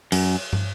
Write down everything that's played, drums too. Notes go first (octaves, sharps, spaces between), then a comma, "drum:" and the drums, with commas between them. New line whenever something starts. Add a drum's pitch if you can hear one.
F#2, drum: cymbal
drum: tom